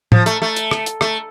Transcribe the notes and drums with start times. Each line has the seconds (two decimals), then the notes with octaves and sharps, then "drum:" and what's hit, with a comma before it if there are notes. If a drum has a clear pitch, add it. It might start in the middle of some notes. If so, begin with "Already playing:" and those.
0.12 F3, drum: tom A2
0.26 A3, drum: hi-hat
0.42 A3
0.56 drum: hi-hat
0.71 drum: rim click
0.86 drum: hi-hat
1.01 A3, drum: rim click